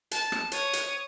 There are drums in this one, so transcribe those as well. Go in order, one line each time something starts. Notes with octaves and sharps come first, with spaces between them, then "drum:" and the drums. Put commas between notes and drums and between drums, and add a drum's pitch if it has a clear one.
A5, drum: hi-hat
drum: rim click
C#5 D#6, drum: hi-hat
drum: hi-hat